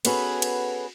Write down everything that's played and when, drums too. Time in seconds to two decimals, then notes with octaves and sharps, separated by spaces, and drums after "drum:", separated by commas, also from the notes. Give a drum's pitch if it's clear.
0.05 B3 C#4 F#4 G#4 A4 B4, drum: cymbal
0.42 drum: cymbal